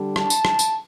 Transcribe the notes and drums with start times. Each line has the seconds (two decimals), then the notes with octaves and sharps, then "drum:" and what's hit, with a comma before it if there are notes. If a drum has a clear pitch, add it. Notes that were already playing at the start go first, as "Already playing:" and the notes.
Already playing: D3 G3 D4
0.16 A5, drum: rim click
0.30 drum: tambourine
0.45 drum: rim click
0.59 drum: tambourine